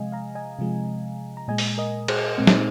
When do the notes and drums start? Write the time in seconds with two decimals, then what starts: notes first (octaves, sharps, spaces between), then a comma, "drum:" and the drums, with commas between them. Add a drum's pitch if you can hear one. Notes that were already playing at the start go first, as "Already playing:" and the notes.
Already playing: C3 F3 G#3 D#5 F5 G#5
0.12 F5 A#5
0.35 D#5 G#5
0.59 C3 F3 G#3
1.37 A#5
1.48 A#2 G#3 D#5 G#5
1.58 drum: open hi-hat
1.78 A#4 D#5
2.08 G#4 C5, drum: cymbal
2.38 A#2 G#3 C4
2.47 D#4, drum: snare